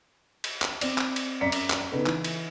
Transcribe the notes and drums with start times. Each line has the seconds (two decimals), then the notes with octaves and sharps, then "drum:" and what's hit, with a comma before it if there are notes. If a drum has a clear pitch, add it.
0.44 drum: cymbal
0.62 drum: clap
0.81 C4 D5, drum: cymbal
0.98 drum: clap
1.16 drum: cymbal
1.41 F#2 D5 A#5 B6 C#7
1.52 drum: cymbal
1.70 drum: clap
1.92 C#3 B3 D#4 A4
2.06 E3, drum: clap
2.24 drum: cymbal